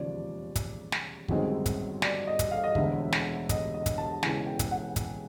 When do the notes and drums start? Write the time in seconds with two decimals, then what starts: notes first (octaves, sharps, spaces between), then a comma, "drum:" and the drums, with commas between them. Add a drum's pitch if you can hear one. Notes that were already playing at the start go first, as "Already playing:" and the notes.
Already playing: E1 D#2 C#3 F3 D5
0.56 drum: kick, hi-hat
0.92 drum: snare
1.28 G1 F#2 D#3 G#3 C4, drum: kick
1.66 drum: kick, hi-hat
2.02 D5, drum: snare
2.27 D#5
2.39 drum: kick, hi-hat
2.51 F5
2.64 D#5
2.75 E1 D2 D3 E5, drum: kick
3.12 drum: snare
3.49 D#5, drum: kick, hi-hat
3.74 D#5
3.86 drum: kick, hi-hat
3.98 A5
4.23 E1 E2 C#3 E3 G#5, drum: snare
4.46 G5
4.59 drum: kick, hi-hat
4.71 F#5
4.96 drum: kick, hi-hat